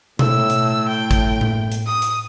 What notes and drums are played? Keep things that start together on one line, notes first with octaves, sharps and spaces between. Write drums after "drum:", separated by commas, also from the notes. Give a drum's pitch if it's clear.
A2 E6, drum: tom B2
drum: hi-hat
G5
drum: kick G#1, hi-hat
drum: tom A2
drum: hi-hat
D#6
drum: hi-hat